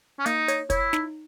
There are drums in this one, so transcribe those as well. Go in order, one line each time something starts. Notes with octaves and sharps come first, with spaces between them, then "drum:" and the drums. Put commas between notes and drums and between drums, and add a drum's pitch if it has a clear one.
C#4
A#3 D#4, drum: hi-hat
C#5, drum: hi-hat
E4 C#5, drum: kick, hi-hat
D#4, drum: snare